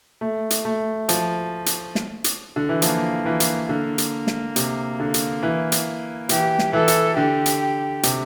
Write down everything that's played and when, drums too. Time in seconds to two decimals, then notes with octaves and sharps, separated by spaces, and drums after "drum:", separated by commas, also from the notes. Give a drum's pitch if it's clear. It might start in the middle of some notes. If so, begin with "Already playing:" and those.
0.21 A3
0.50 drum: hi-hat
0.65 A3
1.09 F3, drum: hi-hat
1.66 drum: hi-hat
1.95 drum: snare
2.24 drum: hi-hat
2.56 D3
2.69 E3
2.82 F3 A#3, drum: hi-hat
3.26 E3
3.40 drum: hi-hat
3.69 D3 A#3
3.98 drum: hi-hat
4.27 drum: snare
4.56 C3, drum: hi-hat
5.00 D3
5.14 drum: hi-hat
5.43 E3
5.72 drum: hi-hat
6.29 E3 G4, drum: hi-hat
6.59 drum: snare
6.73 E3 A4
6.88 drum: hi-hat
7.16 D3 G4
7.46 drum: hi-hat
8.03 C3, drum: hi-hat